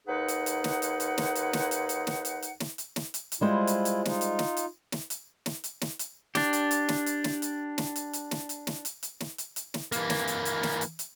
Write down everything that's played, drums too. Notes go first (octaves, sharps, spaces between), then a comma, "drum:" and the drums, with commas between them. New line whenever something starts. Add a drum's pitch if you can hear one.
D#2 D#4 G#4 B4 F#5
drum: hi-hat
drum: hi-hat
drum: snare
drum: hi-hat
drum: hi-hat
drum: snare
drum: hi-hat
drum: snare
drum: hi-hat
drum: hi-hat
drum: snare
drum: hi-hat
drum: hi-hat
drum: snare
drum: hi-hat
drum: snare
drum: hi-hat
drum: hi-hat
G3 G#3 E4 F4 C5
drum: hi-hat
drum: hi-hat
D#4 F4, drum: snare
drum: hi-hat
drum: snare
drum: hi-hat
drum: snare
drum: hi-hat
drum: snare
drum: hi-hat
drum: snare
drum: hi-hat
D4 G4, drum: snare
drum: hi-hat
drum: hi-hat
drum: snare
drum: hi-hat
drum: snare
drum: hi-hat
drum: snare
drum: hi-hat
drum: hi-hat
drum: snare
drum: hi-hat
drum: snare
drum: hi-hat
drum: hi-hat
drum: snare
drum: hi-hat
drum: hi-hat
drum: snare
E3 A#3, drum: hi-hat
drum: snare
drum: hi-hat
drum: hi-hat
drum: snare
drum: hi-hat
drum: hi-hat